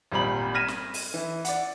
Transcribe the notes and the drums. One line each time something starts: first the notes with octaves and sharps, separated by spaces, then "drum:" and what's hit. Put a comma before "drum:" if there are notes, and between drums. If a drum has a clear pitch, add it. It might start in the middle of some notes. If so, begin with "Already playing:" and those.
G#1 A#2 G3 A#5 B5 F#7
F6 G#6 A#6 B6 D#7 E7
drum: snare
drum: open hi-hat
E3
D5 F#5, drum: hi-hat